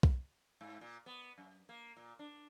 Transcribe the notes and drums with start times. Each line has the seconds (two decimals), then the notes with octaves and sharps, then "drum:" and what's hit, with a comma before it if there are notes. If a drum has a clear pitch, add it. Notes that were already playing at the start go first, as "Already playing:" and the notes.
0.03 drum: kick
0.61 G#2
0.81 A#2
1.06 B3
1.38 F#2
1.69 A#3
1.96 A#2
2.19 D4